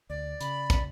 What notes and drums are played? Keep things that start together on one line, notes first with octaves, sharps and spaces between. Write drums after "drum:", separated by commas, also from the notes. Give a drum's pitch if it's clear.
D2 D5
C#3 B5, drum: hi-hat
drum: kick, hi-hat